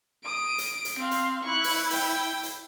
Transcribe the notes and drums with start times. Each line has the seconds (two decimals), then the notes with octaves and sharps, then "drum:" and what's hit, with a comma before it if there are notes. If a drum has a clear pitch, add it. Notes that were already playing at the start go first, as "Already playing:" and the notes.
0.25 D#6 D7
0.58 drum: hi-hat
0.85 drum: hi-hat
0.99 C4 F5 C6
1.11 drum: hi-hat
1.44 E4 C#6 F#6
1.64 drum: open hi-hat
1.90 G5, drum: open hi-hat
2.43 drum: hi-hat